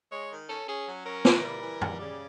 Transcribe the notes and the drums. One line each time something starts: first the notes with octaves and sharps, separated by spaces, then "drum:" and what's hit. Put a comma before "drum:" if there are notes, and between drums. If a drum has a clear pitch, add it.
G#3 C#5
D#3
C#4 A4
C#4 G#4
F#3
C#4 A#4
E3, drum: snare
G3
E3
G3, drum: tom F#2
C#3 D5